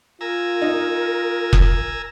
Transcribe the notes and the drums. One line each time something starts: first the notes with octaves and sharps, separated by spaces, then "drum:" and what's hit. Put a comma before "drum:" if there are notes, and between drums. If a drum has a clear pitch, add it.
F4 A#4 G#5 A#5 E6
D#4
drum: kick